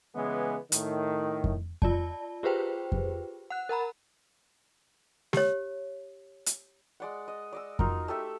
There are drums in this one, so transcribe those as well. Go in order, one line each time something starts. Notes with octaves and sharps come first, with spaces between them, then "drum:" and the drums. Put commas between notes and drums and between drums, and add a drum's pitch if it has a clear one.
C#3 E3 G#3 B3
A2 D#3, drum: hi-hat
drum: kick F2
F4 D5 A5, drum: kick F2
F4 G4 G#4 B4 C5 G5
drum: kick F2
F#5 F#6
A#4 F#5 A#5 B5
G4 C#5, drum: snare
drum: hi-hat
G#3 D5 F#5
D#5
D5 D#5 E6
D#4 F4 F#4 A#4, drum: kick F2
A3 G4 A4 E5